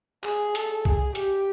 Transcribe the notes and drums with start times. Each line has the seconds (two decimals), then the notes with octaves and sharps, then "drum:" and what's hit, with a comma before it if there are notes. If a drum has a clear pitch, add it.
0.24 G#4, drum: clap
0.55 A4, drum: hi-hat
0.85 G#4, drum: kick
1.15 G4, drum: hi-hat